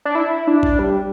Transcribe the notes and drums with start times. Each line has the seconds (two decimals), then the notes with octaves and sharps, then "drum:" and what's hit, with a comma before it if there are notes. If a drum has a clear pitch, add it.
0.05 D4
0.15 E4
0.47 D4
0.63 drum: kick
0.79 G3